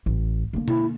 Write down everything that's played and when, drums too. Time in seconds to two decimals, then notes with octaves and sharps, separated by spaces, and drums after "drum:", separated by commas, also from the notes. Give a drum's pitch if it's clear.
0.06 A1
0.53 D3 A#3
0.68 E4, drum: tom B2